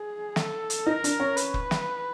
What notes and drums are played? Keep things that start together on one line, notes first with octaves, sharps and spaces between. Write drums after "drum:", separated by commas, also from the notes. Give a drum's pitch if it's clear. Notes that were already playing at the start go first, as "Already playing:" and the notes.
Already playing: G#4
A4, drum: snare
drum: hi-hat
D#4 A#4
D4, drum: hi-hat
C#4
B4, drum: hi-hat
drum: kick
drum: snare